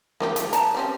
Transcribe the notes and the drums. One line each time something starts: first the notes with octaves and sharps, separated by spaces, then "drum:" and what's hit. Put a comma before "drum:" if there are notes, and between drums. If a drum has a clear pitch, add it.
A#3 F4 G4, drum: snare
G#3 D#4, drum: hi-hat
A5 A#5, drum: hi-hat
G3 C4 C#4